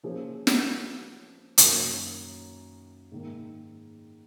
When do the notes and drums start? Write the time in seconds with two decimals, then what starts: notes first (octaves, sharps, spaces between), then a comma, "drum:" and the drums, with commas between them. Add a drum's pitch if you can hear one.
0.03 F3 A#3 C#4 G#4 C5
0.47 drum: snare
1.58 F#2 D#3 F#3 A#3, drum: hi-hat
3.12 G#2 D#3 A#3